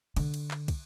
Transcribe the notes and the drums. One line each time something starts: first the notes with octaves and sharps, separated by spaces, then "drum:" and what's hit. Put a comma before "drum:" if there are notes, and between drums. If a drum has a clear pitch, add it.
D3, drum: cymbal
drum: cymbal
drum: clap
drum: kick, cymbal